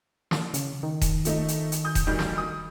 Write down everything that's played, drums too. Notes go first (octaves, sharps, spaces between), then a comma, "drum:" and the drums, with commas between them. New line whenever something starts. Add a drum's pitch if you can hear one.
drum: snare
C#3, drum: hi-hat
D#3
drum: kick D#1, hi-hat
F3 A3 D#4, drum: hi-hat
drum: hi-hat
drum: hi-hat
D#6 G6
drum: kick D#1, hi-hat
D2 D#3 G3
drum: snare
D#6